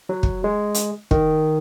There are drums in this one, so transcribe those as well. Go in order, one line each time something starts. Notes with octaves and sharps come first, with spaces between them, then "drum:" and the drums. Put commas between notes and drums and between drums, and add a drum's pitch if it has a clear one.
F#3
drum: kick
G#3
drum: hi-hat
D#3, drum: kick